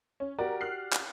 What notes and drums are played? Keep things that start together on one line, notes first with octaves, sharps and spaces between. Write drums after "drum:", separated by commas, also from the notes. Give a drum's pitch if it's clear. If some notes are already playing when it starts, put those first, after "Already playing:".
C#4
F#4 G4 A#4 D5
F6 F#6 C7
drum: clap